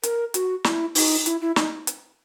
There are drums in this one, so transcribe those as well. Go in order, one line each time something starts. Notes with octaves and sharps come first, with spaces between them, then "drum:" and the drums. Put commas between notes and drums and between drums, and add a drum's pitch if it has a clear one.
A#4, drum: hi-hat
F#4, drum: hi-hat
E4, drum: snare
D#4, drum: open hi-hat
E4, drum: hi-hat
E4
D#4, drum: snare
drum: hi-hat